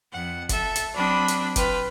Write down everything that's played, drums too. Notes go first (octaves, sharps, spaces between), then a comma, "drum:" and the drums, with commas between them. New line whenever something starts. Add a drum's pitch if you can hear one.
F2 F#5
A4 E5, drum: kick F#1, hi-hat
drum: hi-hat
F#3 C4 D4 B5 D#6
drum: hi-hat
F4 B4 G5, drum: kick F#1, hi-hat